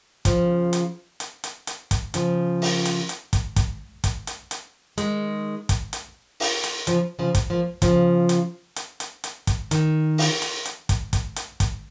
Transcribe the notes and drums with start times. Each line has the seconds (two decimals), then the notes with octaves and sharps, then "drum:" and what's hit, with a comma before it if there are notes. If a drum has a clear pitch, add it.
0.25 C#3 F3, drum: kick, hi-hat
0.73 drum: hi-hat
1.20 drum: hi-hat
1.44 drum: hi-hat
1.67 drum: hi-hat
1.91 drum: kick, hi-hat
2.14 C#3 F3, drum: hi-hat
2.62 drum: open hi-hat
2.85 drum: hi-hat
3.09 drum: hi-hat
3.33 drum: kick, hi-hat
3.56 drum: kick, hi-hat
4.04 drum: kick, hi-hat
4.27 drum: hi-hat
4.51 drum: hi-hat
4.98 D#3 G#3, drum: hi-hat
5.69 drum: kick, hi-hat
5.93 drum: hi-hat
6.40 drum: open hi-hat
6.64 drum: hi-hat
6.87 C#3 F3, drum: hi-hat
7.19 C#3 F3
7.35 drum: kick, hi-hat
7.50 F3 A#3
7.82 C#3 F3, drum: kick, hi-hat
8.29 drum: hi-hat
8.76 drum: hi-hat
9.00 drum: hi-hat
9.24 drum: hi-hat
9.47 drum: kick, hi-hat
9.71 D#3, drum: hi-hat
10.18 drum: open hi-hat
10.42 drum: hi-hat
10.65 drum: hi-hat
10.89 drum: kick, hi-hat
11.13 drum: kick, hi-hat
11.36 drum: hi-hat
11.60 drum: kick, hi-hat